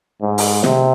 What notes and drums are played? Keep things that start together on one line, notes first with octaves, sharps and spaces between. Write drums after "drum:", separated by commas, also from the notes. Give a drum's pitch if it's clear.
G#2
drum: open hi-hat
C3, drum: snare